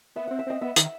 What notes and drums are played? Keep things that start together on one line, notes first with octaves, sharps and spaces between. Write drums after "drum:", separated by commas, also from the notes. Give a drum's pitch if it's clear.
B3 E5
C4 F#5
E5
C4 D#5
B3 E5
D#3, drum: hi-hat